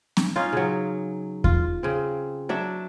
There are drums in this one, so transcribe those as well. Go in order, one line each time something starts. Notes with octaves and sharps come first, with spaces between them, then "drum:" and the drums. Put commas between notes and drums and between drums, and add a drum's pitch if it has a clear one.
drum: snare C4
C#4 D#4 F4
C#3 F#3
F4, drum: kick E2
C#3 C4
F#3 D4 E5